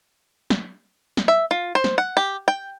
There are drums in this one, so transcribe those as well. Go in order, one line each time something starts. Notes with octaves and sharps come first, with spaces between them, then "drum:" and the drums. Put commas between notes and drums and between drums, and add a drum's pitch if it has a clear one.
drum: snare
drum: snare
E5
F4
C5
drum: snare
F#5
G4
G5